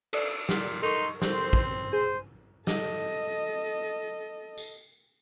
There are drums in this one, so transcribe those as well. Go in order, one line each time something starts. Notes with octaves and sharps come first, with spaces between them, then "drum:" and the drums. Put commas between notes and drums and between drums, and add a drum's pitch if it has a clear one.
A4 D5, drum: cymbal
A#2, drum: snare
D#4 A4 A#4 C6 C#6
C4 C5, drum: snare
drum: kick
G#4 C5
A4 D#5, drum: snare
drum: tambourine